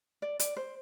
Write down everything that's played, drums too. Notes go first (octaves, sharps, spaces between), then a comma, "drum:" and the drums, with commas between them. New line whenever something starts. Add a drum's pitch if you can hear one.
D5
D5, drum: hi-hat
C5